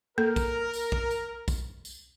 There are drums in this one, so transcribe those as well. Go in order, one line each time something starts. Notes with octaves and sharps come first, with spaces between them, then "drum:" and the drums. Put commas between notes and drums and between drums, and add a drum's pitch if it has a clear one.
A#3 A4 A#4
drum: kick A#1, tambourine
drum: tambourine
drum: kick A#1
drum: tambourine
drum: kick A#1, tambourine
drum: tambourine